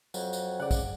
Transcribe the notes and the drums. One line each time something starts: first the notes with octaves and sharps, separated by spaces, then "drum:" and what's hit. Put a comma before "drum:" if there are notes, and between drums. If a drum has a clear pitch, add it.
F2 F#3, drum: tambourine
drum: tambourine
C#3 D5 F#5
drum: kick, tambourine